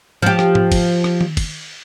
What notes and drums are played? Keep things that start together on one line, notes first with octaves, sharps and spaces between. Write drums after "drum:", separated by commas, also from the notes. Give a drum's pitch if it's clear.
F3 G4
drum: rim click
drum: tom G#2
drum: kick, cymbal
drum: rim click
drum: tom D#3
drum: kick, cymbal